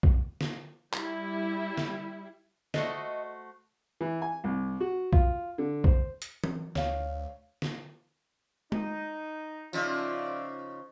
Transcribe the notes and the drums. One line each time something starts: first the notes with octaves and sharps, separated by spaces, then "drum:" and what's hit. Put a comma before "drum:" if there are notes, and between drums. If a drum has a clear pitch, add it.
drum: kick
drum: snare
G3 E4, drum: clap
drum: snare
A3 F#4 A4 C5 D#5, drum: snare
E3
G#5
C2
F#4
F4, drum: kick
D3
C5, drum: kick
drum: hi-hat
drum: tom E3
D2 C#5 F5, drum: snare
drum: snare
D#4, drum: tom G#3
C#3 F3 D#4 F4 D5 E5, drum: tambourine